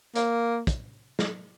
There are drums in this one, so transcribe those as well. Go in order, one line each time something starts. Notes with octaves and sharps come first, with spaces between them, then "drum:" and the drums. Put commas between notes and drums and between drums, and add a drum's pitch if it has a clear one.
A#3, drum: hi-hat
drum: kick, hi-hat
drum: snare